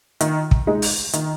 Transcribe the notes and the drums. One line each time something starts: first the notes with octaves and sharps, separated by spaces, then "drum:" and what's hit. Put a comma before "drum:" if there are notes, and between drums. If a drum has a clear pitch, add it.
D#3, drum: hi-hat
drum: kick
G#3 D#4
drum: open hi-hat
D#3, drum: hi-hat